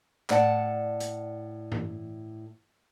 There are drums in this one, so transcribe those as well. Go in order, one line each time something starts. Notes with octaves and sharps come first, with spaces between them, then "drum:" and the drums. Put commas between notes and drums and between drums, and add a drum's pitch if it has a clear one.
A2 D5 F#5 A5, drum: clap
drum: hi-hat
drum: tom G2